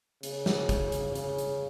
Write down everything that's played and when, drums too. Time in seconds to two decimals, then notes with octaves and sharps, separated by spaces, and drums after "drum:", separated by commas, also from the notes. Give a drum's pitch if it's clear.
0.23 C#3, drum: hi-hat
0.46 drum: snare
0.69 drum: kick, hi-hat
0.92 drum: hi-hat
1.15 C#3, drum: hi-hat
1.38 drum: hi-hat